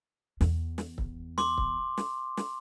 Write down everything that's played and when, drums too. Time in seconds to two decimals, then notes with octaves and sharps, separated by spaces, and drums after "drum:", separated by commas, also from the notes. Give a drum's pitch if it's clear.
0.41 E2, drum: snare
0.78 drum: snare
0.98 drum: kick
1.38 C6 D6, drum: snare
1.58 drum: kick
1.97 drum: snare
2.37 drum: snare